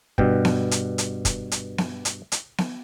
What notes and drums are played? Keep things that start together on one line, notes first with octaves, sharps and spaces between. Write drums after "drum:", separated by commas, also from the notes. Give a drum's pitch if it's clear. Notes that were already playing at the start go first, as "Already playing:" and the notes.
G2 B2 G5, drum: kick
drum: snare B3
drum: hi-hat
drum: hi-hat
drum: kick, hi-hat
drum: hi-hat
drum: snare B3
drum: hi-hat
drum: hi-hat
drum: snare B3